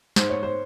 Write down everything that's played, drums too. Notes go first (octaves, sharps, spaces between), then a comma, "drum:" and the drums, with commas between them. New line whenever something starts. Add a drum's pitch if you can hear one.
G#2 C5, drum: snare
C#5
C5